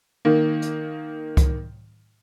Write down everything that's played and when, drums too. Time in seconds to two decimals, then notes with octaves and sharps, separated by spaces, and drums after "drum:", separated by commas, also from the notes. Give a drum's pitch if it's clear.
0.25 D#3 A#3
0.62 drum: hi-hat
1.37 drum: kick C2, hi-hat